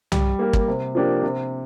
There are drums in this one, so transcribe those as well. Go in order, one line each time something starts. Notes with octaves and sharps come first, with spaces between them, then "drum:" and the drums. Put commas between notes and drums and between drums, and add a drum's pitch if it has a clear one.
G3, drum: tom C2
A#3 G4 A#4
drum: kick
C3
F3 A#3 D4 G4
C3